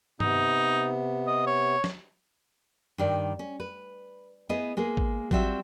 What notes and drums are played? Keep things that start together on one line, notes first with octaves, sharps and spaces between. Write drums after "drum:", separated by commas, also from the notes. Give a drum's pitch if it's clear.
C3 B3 D#4, drum: tom G2
D#5
C#5
drum: snare
G2 D#3 D5
C#4
B4
B3 E4 G#4 D#5
G#3 A#3 G#4
drum: kick
F#3 G3 C4 F4 F#4 E5, drum: kick